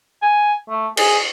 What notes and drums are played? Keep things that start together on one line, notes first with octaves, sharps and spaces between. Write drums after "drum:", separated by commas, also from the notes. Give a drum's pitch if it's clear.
G#5
A3
G#4, drum: cymbal